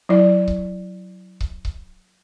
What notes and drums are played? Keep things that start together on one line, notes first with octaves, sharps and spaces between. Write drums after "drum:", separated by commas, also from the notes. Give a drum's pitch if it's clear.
F#3 E4 D5
drum: kick C#1
drum: kick C#1
drum: kick C#1